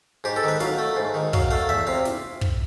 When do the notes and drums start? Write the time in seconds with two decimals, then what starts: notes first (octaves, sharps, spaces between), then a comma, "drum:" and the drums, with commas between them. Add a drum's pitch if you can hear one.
0.24 G#2 G4
0.36 A4
0.43 D#3 B4
0.60 F#3 F5, drum: snare
0.78 A3
0.96 G#2
1.14 D#3
1.33 F#3 F5, drum: kick
1.51 A3 F5
1.69 E2 E5
1.87 C3 F5
2.05 drum: snare
2.41 drum: kick